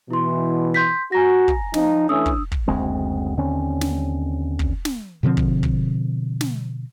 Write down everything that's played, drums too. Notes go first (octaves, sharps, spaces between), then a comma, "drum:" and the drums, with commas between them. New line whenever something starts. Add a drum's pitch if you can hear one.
B2 E3 E4 C6
C6 G6 B6
F#4 G#5 A#5 A#6
drum: kick
F3 D#4, drum: snare
E3 A3 C#4 D4 D#6 E6
drum: kick
drum: kick
F#1 D2 G#3 C4
D#2 D3 C4 C#4
drum: snare
drum: kick
drum: snare
B2 D3 F3 C4
drum: kick
drum: kick
drum: snare